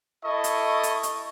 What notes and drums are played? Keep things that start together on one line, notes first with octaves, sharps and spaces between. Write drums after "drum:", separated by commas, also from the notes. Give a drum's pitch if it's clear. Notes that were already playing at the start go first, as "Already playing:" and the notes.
E4 A4 D#5 C#6
drum: hi-hat
drum: hi-hat
drum: hi-hat